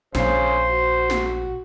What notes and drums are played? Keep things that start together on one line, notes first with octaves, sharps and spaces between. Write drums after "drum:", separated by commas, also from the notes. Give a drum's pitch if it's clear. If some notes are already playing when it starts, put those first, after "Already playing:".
A#1 C#3 C5 C6, drum: snare
F#4
drum: snare